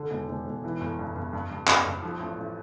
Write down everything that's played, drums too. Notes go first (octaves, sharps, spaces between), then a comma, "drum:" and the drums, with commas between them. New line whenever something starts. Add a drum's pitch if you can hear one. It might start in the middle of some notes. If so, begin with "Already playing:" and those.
Already playing: D3
E1
E1
E1
E3
G1
G2
G2
G2
G2
G2, drum: clap
G2
F3
A1
A1